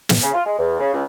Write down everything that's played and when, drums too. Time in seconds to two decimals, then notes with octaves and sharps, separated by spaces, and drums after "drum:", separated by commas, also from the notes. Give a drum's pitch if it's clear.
0.09 drum: snare
0.22 C#3
0.34 F4
0.45 G#3
0.58 E2
0.80 C#3
0.93 C#2